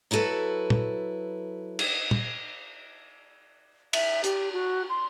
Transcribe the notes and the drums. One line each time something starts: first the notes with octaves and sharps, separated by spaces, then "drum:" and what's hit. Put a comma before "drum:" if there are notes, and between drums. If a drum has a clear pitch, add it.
F#3 E4 F#4 A4 B4
drum: tom
drum: cymbal
drum: tom
E5, drum: cymbal
G4, drum: hi-hat
F#4
C6